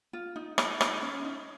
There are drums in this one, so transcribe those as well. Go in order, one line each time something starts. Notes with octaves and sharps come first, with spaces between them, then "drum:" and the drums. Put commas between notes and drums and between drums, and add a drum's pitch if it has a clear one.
F4
D#4
D#4, drum: rim click
D#4, drum: rim click
C#4
D#4